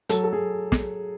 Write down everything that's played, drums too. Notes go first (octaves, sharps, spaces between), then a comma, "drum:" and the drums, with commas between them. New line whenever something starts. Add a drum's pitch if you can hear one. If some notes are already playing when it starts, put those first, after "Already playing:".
F#3 A4, drum: hi-hat
A4
F#3 G#4
drum: snare